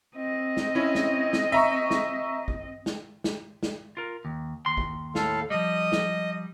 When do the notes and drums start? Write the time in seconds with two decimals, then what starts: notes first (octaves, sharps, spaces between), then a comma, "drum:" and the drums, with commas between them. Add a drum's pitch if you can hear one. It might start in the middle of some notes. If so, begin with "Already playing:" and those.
0.16 C4 D#5
0.57 drum: snare
0.75 C#4 E4
0.95 drum: snare
1.33 drum: snare
1.52 E5 A#5 C#6
1.91 drum: snare
2.48 drum: kick
2.86 drum: snare
3.24 drum: snare
3.63 drum: snare
3.97 F4 A#4
4.25 D#2
4.66 D#2 C6
4.77 drum: kick
5.15 A2 A4 F5, drum: snare
5.50 F3 G3 D#5
5.92 drum: snare